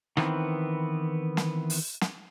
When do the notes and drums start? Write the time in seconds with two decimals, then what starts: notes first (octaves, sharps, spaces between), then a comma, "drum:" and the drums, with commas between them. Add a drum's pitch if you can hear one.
0.17 D#3 E3 B3 C4, drum: rim click
1.37 drum: snare
1.70 drum: open hi-hat
2.01 drum: snare